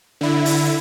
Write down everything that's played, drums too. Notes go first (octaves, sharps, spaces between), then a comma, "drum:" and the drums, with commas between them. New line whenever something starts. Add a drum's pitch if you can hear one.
D3 E4
drum: open hi-hat